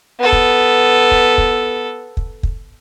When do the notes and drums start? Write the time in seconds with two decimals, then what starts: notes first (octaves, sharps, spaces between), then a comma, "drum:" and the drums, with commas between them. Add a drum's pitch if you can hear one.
0.19 B3 A4
0.32 drum: kick
1.11 drum: kick
1.38 drum: kick
2.17 drum: kick
2.43 drum: kick